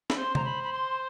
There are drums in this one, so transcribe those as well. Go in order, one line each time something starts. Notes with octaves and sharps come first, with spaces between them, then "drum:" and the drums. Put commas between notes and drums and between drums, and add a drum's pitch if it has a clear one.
B5, drum: snare
C5 C6
A#5, drum: tom C3
B5
B5
C6